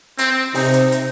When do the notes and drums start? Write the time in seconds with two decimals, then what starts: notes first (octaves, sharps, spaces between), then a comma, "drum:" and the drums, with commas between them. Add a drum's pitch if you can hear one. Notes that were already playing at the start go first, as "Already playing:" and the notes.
0.18 C4, drum: hi-hat
0.54 C3 D#4, drum: open hi-hat
0.73 drum: hi-hat
0.92 drum: hi-hat